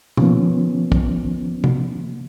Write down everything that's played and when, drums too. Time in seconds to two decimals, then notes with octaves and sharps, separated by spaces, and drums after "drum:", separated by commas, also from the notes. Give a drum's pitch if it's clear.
0.17 D#3 F3 A#3 B3 C#4, drum: tom B2
0.92 drum: kick
1.64 drum: tom C3